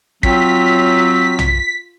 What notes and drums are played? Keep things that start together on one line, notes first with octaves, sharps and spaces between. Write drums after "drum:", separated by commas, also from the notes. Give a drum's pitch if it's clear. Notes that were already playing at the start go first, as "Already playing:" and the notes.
F#3 C4 F4 B6, drum: kick
drum: tom B1